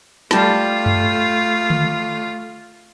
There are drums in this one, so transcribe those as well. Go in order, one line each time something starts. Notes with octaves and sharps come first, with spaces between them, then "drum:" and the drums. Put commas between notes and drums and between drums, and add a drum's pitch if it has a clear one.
G3 A3 F4 A5, drum: snare
drum: tom F#2
drum: tom D3